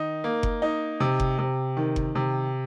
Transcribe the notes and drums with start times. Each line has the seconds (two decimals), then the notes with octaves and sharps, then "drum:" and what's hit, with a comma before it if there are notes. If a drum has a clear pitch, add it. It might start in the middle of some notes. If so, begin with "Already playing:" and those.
Already playing: D#3 D#4
0.24 A#3
0.43 drum: kick F#1
0.62 D#4
1.00 C3
1.20 drum: kick F#1
1.39 C3
1.77 D#3
1.96 drum: kick F#1
2.15 C3